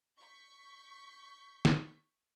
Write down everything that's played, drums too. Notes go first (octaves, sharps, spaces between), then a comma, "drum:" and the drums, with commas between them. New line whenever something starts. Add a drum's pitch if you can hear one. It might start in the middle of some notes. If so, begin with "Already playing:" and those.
C#6 G6 B6
drum: snare